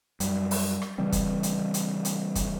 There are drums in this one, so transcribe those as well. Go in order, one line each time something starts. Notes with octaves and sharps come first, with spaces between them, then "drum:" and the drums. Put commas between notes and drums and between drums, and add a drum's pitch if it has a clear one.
F#2 G3, drum: hi-hat
drum: open hi-hat
drum: rim click
C#3 E3 G3 C4
drum: kick, hi-hat
drum: hi-hat
drum: hi-hat
drum: hi-hat
drum: kick, hi-hat